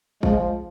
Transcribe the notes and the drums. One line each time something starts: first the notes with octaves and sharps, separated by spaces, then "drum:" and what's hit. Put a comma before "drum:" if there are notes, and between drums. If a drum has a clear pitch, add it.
F3 G#3, drum: kick